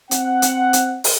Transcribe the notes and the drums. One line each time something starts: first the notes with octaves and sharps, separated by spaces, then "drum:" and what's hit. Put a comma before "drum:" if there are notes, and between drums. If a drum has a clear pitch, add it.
C4 F#5, drum: hi-hat
drum: hi-hat
drum: hi-hat
drum: open hi-hat